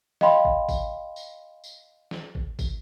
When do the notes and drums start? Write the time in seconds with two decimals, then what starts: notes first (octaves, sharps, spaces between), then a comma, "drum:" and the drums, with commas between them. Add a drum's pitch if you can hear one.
0.21 D#5 F5 G5 B5 C6, drum: snare
0.45 drum: kick
0.69 drum: kick, tambourine
1.16 drum: tambourine
1.64 drum: tambourine
2.11 drum: snare
2.35 drum: kick
2.59 drum: kick, tambourine